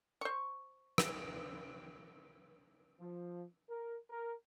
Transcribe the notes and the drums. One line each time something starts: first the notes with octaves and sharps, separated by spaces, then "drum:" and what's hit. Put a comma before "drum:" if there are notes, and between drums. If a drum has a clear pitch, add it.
C5 C#6
drum: rim click
F3
A#4
A#4